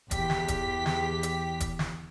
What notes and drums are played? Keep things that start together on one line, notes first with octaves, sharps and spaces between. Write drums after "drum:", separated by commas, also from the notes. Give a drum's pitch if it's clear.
E2 G4 B6, drum: kick E1, hi-hat
drum: snare
drum: kick E1, hi-hat
drum: snare
drum: hi-hat
drum: kick E1, hi-hat
drum: snare